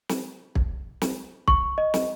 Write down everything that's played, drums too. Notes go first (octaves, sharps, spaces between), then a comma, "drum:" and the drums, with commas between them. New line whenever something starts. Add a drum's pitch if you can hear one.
drum: snare
drum: kick
drum: snare
C#6, drum: kick
D#5
drum: snare